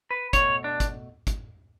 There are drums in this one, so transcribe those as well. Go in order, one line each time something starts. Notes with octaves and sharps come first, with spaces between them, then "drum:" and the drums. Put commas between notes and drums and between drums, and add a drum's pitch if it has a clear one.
B4
B2 A3 C#5, drum: kick, hi-hat
D4
drum: kick, hi-hat
drum: kick, hi-hat